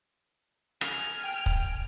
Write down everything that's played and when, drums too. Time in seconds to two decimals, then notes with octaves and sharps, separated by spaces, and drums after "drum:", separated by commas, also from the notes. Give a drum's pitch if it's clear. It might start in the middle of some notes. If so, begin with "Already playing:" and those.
0.81 G#5 F6, drum: rim click
1.24 G5
1.46 drum: kick